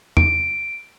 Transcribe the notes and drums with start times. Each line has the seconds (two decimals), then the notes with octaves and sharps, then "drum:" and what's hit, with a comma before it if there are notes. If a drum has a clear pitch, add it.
0.17 D7, drum: tom E2